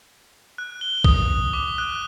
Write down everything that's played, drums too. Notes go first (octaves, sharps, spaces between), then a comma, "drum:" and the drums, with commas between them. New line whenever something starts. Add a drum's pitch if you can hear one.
F#6
G7
D#6, drum: kick A#1
D6
F#6